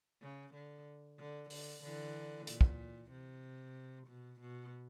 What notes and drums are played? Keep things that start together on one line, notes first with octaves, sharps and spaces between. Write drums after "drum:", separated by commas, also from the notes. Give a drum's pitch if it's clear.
C#3
D3
D3
D3, drum: open hi-hat
D3 E3
A#2, drum: hi-hat
drum: kick
C3
B2
B2